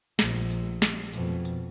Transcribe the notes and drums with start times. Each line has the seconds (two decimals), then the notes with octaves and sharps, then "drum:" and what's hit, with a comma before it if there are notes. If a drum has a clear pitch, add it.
0.19 A#1, drum: snare
0.50 drum: hi-hat
0.82 drum: snare
1.14 F2 B2, drum: hi-hat
1.45 drum: hi-hat